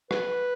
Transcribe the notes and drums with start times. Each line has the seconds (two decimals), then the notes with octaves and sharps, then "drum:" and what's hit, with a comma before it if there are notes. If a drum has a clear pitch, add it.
0.11 B4, drum: rim click